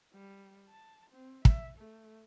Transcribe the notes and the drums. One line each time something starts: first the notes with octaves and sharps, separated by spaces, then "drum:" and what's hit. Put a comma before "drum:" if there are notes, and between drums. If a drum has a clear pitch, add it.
G3
A5
C4
E5, drum: kick
A3